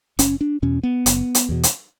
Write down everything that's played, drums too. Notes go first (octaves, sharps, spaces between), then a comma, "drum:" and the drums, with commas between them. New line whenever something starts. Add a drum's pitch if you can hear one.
F#1 C#4, drum: hi-hat
D4
E2 B2 C#4
B3
F#1, drum: hi-hat
drum: hi-hat
E2 B2
drum: hi-hat